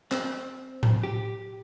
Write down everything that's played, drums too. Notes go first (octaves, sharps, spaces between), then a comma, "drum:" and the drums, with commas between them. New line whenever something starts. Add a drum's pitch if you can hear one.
C4, drum: clap
drum: tom A2
G4